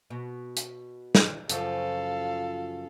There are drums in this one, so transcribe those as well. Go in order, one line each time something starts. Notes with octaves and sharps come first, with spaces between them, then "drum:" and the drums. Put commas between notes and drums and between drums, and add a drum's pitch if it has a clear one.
B2
drum: hi-hat
drum: snare
F#2 C#3 F3 A4 F5, drum: hi-hat